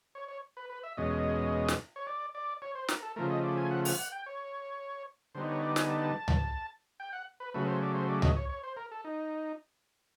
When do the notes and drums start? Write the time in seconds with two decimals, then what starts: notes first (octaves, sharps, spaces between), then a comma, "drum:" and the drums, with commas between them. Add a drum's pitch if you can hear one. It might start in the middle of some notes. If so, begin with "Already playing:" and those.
0.15 C#5
0.28 C#5
0.57 B4
0.70 B4
0.83 E5
0.97 E2 B2 G#3 C#4 D#5
1.68 drum: snare
1.96 C#5
2.07 D5
2.35 D5
2.62 C#5
2.75 C5
2.88 A#4, drum: snare
3.03 A4
3.16 C#3 F3 A3 A#4
3.30 D#5
3.44 D5
3.57 G#5
3.71 F#5
3.85 F#5, drum: open hi-hat
3.99 F#5
4.12 G5
4.26 C#5
5.35 D3 G3 B3 D#4 C5
5.49 C#5
5.62 D5
5.76 G#5, drum: snare
5.90 A5
6.28 drum: tom C#2
7.00 G5
7.13 F#5
7.40 B4
7.54 C#3 F#3 A3 B4
7.68 C5
7.82 D5
7.95 C5
8.09 D5
8.22 D#5, drum: tom C#2
8.37 C#5
8.49 C#5
8.63 C5
8.77 A#4
8.91 A4
9.05 D#4